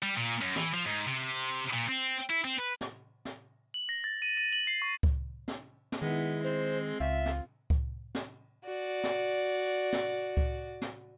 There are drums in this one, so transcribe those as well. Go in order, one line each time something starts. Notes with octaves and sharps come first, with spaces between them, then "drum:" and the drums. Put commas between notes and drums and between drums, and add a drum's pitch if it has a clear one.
G3
A#2
F#2
E3, drum: snare
F3
G#2
C3
A#2
C4
E4
C4
B4
drum: snare
drum: snare
F#7
A#6
A6
D#7
D#7
F#7
C7
C#6
drum: kick C#2
drum: snare
drum: snare
D#3 G#3 B3 E4
C4 C5
C#2 F4 E5
drum: snare
drum: kick C#2
drum: snare
F#4 D5
drum: snare
drum: snare
drum: kick C#2
drum: snare